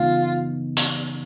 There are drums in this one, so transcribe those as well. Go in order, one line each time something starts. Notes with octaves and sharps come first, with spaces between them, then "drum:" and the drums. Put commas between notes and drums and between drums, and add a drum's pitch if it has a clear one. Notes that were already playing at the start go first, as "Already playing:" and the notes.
Already playing: C#3 E3 G#3 B3 D#4 F4
drum: hi-hat